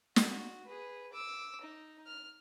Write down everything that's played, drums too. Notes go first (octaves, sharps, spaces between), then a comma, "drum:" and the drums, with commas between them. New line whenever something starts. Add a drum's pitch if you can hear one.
F#4, drum: snare
G#4 B4
D6 E6
D#4
F6